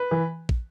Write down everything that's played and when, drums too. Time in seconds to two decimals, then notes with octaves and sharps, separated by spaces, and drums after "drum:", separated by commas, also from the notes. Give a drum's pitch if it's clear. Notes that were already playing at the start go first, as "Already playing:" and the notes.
Already playing: B4
0.11 E3
0.49 drum: kick